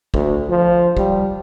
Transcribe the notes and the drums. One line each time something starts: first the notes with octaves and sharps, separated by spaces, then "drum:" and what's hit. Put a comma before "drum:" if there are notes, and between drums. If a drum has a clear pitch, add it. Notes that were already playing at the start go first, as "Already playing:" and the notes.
D2, drum: kick
F3
G3, drum: kick